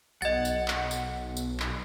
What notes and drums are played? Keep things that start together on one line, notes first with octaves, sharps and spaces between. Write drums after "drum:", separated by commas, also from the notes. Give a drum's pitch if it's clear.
B1 D#5 F#5 A6
drum: tambourine
drum: clap
drum: tambourine
drum: tambourine
drum: clap